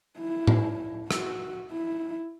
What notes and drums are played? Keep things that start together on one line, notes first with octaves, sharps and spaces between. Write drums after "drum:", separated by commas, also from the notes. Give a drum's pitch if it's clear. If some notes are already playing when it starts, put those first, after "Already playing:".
E4
drum: tom A2
F#4, drum: rim click
E4